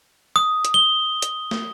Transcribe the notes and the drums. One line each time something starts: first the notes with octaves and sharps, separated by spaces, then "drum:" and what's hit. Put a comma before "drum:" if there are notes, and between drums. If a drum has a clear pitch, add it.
D#6
drum: hi-hat
G7
drum: hi-hat
drum: snare